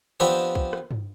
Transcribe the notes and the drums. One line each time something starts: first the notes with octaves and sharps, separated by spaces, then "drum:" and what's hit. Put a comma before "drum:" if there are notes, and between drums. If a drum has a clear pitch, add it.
F3 B3 C4 D4 G4
drum: kick
drum: rim click
drum: tom G2